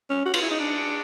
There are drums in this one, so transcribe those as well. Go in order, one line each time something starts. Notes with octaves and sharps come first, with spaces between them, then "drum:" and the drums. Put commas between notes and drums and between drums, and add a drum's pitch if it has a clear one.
C#4
F#4
F4, drum: cymbal
E4
D#4
D4